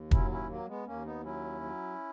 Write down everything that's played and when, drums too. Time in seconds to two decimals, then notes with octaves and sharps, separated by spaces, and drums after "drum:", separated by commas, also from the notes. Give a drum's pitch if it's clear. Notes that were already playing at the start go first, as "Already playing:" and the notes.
Already playing: D#2
0.11 F#3 C#4 E4, drum: kick
0.30 C#4 E4
0.49 F#3 A#3
0.67 G#3 B3
0.86 D#2 A#3 C#4
1.05 B3 D#4
1.23 F#3 C#4 E4
1.61 F#3